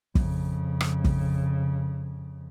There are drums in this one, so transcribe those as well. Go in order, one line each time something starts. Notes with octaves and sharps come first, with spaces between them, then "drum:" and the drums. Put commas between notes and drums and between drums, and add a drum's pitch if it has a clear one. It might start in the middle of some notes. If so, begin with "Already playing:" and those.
F2 C#3, drum: kick
drum: rim click
drum: kick